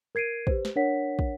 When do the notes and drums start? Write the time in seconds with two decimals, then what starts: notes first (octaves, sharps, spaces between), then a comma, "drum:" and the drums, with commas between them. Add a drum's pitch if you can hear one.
0.15 A#4 G#6 C7 D7 D#7
0.47 G4 B4 C5, drum: kick
0.65 drum: snare
0.76 D4 A#4 C#5 F#5 B6
1.19 drum: kick